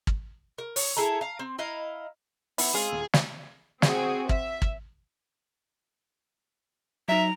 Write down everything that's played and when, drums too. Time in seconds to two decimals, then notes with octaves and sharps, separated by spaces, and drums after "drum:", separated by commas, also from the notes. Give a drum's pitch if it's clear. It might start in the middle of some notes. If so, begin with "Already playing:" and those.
0.07 drum: kick
0.58 A#4
0.76 C#5, drum: open hi-hat
0.97 E4 G#4 A4 A#5
1.21 F5 A#5
1.39 C4
1.59 E4 D#5 F5 A#5
2.58 B3 E4 F#5 C7, drum: open hi-hat
2.75 G#3 C4 F4 G#4
2.88 D#1 E6
3.13 drum: snare
3.82 C4 F#4 G#4, drum: snare
4.29 E5, drum: kick
4.62 drum: kick
7.09 F#3 D#4 E5 A#5